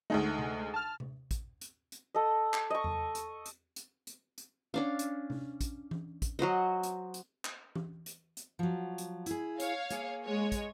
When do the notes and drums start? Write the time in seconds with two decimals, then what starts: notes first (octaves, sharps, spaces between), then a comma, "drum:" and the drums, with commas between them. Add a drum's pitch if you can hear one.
0.10 D2 G#3 A3 D#4
0.39 drum: tom C3
0.74 A5 F6
1.00 drum: tom C3
1.31 drum: kick, hi-hat
1.61 drum: hi-hat
1.92 drum: hi-hat
2.15 A4 D#5
2.54 drum: clap
2.70 D#5 C#6
2.84 drum: tom E2
3.15 drum: hi-hat
3.46 drum: hi-hat
3.76 drum: hi-hat
4.07 drum: hi-hat
4.38 drum: hi-hat
4.74 C#4 D4 F5
4.99 drum: hi-hat
5.30 drum: tom C3
5.61 drum: kick, hi-hat
5.91 drum: tom E3
6.22 drum: kick, hi-hat
6.39 F#3 F#4 C5 D#5
6.83 drum: hi-hat
7.14 drum: hi-hat
7.45 drum: clap
7.75 drum: tom E3
8.06 drum: hi-hat
8.37 drum: hi-hat
8.59 F3 F#3
8.98 drum: hi-hat
9.26 E4 G#4, drum: hi-hat
9.60 C#5 F5, drum: hi-hat
9.90 A#3 G#4, drum: hi-hat
10.25 G#3 C#5
10.52 drum: kick, hi-hat